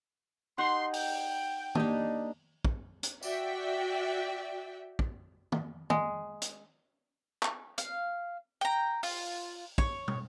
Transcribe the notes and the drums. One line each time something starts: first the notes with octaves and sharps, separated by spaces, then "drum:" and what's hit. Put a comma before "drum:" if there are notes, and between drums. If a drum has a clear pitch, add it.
D#4 G4 F#5 C6
G5, drum: open hi-hat
A#3 D4 D#4 G4 D#5, drum: tom
drum: kick
drum: hi-hat
F#4 D5 E5 G5, drum: tambourine
drum: kick
drum: tom
G#3, drum: tom
drum: hi-hat
drum: clap
F5, drum: hi-hat
G5 A#5
F4, drum: open hi-hat
C#5, drum: kick
drum: tom